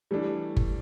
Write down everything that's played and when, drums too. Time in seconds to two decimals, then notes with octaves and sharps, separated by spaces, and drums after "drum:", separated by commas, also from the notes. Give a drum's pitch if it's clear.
0.11 E3 G3 A3 D4
0.57 drum: kick G1